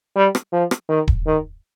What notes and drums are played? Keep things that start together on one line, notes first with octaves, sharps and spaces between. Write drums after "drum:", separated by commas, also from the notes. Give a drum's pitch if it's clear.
G3
drum: rim click
F3
drum: rim click
D#3
drum: kick D#1
D#3